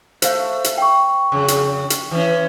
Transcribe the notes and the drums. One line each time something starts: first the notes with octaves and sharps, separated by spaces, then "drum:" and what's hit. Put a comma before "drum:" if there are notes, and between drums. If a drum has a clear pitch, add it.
A3 C5 F5, drum: hi-hat
drum: hi-hat
G5 C#6
F2 C#3
drum: hi-hat
drum: hi-hat
E3 C#4